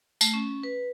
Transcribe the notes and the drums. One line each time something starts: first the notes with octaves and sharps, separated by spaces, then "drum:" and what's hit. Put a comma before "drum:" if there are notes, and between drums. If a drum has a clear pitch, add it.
A3, drum: tambourine
C#4
B4